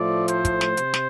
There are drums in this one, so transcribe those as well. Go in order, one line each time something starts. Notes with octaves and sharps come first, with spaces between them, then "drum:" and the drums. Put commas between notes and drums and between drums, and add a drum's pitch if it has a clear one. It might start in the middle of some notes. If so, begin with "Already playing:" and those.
Already playing: A2 F3 A3 D5
C5, drum: hi-hat
drum: kick, hi-hat
drum: snare
C3, drum: hi-hat
drum: snare